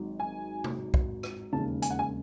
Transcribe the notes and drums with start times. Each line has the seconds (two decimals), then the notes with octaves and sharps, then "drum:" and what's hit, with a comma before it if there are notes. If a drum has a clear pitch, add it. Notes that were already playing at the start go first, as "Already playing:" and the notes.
Already playing: G#1 G#2 F#3
0.20 G#5
0.64 drum: tom C3
0.94 drum: kick
1.23 drum: rim click
1.53 E1 D#2 C#3 A5
1.82 G#5, drum: hi-hat
1.90 F#5
1.99 G#5